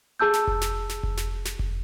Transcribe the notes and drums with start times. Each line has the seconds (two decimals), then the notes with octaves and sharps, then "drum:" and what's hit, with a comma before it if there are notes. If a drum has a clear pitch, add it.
0.20 G#4 A5 E6 G6
0.33 drum: snare
0.47 drum: kick F1
0.61 drum: snare
0.89 drum: snare
1.03 drum: kick F1
1.17 drum: snare
1.45 drum: snare
1.59 drum: kick F1